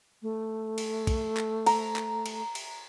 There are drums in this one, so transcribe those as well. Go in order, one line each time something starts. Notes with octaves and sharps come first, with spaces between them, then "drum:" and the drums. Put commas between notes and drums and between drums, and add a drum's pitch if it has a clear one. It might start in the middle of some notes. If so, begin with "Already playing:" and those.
A3
drum: cymbal
drum: kick, cymbal
drum: clap
A#5, drum: cymbal
drum: clap
drum: cymbal
drum: cymbal